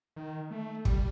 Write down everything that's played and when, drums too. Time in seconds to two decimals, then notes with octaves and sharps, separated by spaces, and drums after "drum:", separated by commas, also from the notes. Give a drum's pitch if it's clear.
0.16 D#3
0.51 A3
0.85 G3, drum: kick